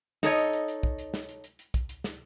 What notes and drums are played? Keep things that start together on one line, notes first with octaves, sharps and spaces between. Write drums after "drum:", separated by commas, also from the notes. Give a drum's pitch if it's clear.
D#4 A4 C#5 D#5, drum: snare
drum: hi-hat
drum: hi-hat
drum: hi-hat
drum: kick
drum: hi-hat
drum: snare
drum: hi-hat
drum: hi-hat
drum: hi-hat
drum: kick, hi-hat
drum: hi-hat
drum: snare